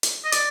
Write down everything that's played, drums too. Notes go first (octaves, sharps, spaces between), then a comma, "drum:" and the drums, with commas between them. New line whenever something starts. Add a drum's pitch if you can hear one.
drum: hi-hat
D#5
D5, drum: hi-hat